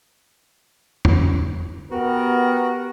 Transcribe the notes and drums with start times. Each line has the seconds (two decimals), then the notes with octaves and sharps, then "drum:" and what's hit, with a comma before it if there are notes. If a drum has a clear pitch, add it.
1.05 drum: tom E2
1.92 B3 F#4 G4 A#4